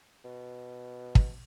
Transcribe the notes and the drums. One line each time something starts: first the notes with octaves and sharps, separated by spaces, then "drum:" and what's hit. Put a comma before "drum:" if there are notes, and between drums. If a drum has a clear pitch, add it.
B2
drum: kick